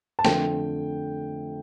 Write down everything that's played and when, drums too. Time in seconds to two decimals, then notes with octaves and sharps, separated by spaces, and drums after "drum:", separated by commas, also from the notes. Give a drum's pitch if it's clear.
0.19 A5
0.25 F2 D3 A3 G5, drum: snare